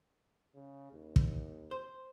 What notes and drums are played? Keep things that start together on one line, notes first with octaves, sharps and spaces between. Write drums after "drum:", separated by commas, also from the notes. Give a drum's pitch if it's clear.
C#3
D#2
drum: kick
C5